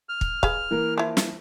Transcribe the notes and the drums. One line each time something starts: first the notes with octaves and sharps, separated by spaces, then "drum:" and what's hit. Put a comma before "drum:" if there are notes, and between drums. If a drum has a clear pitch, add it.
F6
drum: kick
G#4 B4 F5, drum: kick
E3 A#3 A#4
F3 E4
drum: snare